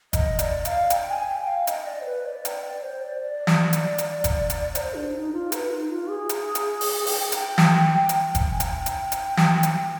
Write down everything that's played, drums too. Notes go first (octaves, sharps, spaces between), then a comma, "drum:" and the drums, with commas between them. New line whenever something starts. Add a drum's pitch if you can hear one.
D#5, drum: kick, hi-hat
D5, drum: hi-hat
F5, drum: hi-hat
G5, drum: hi-hat
G#5
G5
F5
D#5, drum: hi-hat
D5
C5
B4
D5
G5, drum: hi-hat
D5
C5
D5
D5
drum: snare
drum: hi-hat
drum: hi-hat
drum: kick, hi-hat
drum: hi-hat
C5, drum: hi-hat
D4
D#4
F4
B4, drum: hi-hat
D#4
F4
G#4
drum: hi-hat
drum: hi-hat
drum: open hi-hat
G5, drum: open hi-hat
drum: hi-hat
drum: snare
drum: hi-hat
drum: kick, hi-hat
G#5
G5, drum: hi-hat
drum: hi-hat
drum: hi-hat
drum: snare
drum: hi-hat